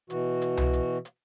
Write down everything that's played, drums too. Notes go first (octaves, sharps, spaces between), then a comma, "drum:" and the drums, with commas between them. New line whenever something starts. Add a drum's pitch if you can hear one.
B2 E3 F#4, drum: hi-hat
drum: hi-hat
drum: tom C2
drum: hi-hat
drum: hi-hat